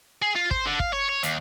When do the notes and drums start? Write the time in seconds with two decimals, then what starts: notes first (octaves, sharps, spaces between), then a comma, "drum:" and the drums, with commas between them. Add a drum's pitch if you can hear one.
0.22 G#4
0.36 F4
0.51 C5, drum: kick
0.66 D3
0.80 F5, drum: kick
0.93 C#5
1.09 C#5
1.23 D#2, drum: hi-hat